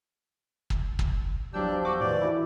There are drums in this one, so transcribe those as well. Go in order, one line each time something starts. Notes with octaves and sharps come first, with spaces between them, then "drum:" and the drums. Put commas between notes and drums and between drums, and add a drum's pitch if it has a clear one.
drum: kick
drum: kick
E2 F3 F#3 D4 G4 E6 G6
F#4 D6 E6
A2 D#3 E3 D5
E4 F#4